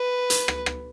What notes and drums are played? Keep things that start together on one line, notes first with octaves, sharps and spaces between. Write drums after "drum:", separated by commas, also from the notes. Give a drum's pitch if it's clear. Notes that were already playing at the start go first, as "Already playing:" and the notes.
Already playing: B4
drum: hi-hat
drum: rim click
drum: rim click